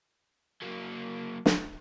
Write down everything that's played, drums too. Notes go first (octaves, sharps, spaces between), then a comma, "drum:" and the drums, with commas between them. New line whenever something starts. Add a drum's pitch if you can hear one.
F#3 A#3
drum: snare